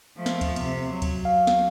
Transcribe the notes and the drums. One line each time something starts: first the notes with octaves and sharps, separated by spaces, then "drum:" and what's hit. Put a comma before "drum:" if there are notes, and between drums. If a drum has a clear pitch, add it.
F3 A3
drum: snare
drum: kick D2, cymbal
C3, drum: cymbal
F#3
drum: kick D2, cymbal
F5
drum: snare